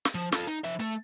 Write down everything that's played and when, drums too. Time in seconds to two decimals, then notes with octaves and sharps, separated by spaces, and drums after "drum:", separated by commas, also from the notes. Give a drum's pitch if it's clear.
0.05 drum: snare
0.15 F3
0.32 F4 A4, drum: snare
0.47 D#4, drum: hi-hat
0.64 F3 E5, drum: hi-hat
0.80 A3, drum: hi-hat